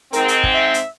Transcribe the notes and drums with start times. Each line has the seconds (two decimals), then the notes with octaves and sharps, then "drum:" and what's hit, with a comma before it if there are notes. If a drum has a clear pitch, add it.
0.13 G#2 C4 A#4, drum: hi-hat
0.28 drum: hi-hat
0.44 drum: kick
0.54 E5
0.74 drum: hi-hat